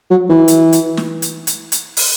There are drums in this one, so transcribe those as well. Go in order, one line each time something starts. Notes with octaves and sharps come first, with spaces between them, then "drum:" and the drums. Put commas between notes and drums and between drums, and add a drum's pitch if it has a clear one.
F#3
E3
drum: hi-hat
drum: hi-hat
drum: snare
drum: hi-hat
drum: hi-hat
drum: hi-hat
drum: open hi-hat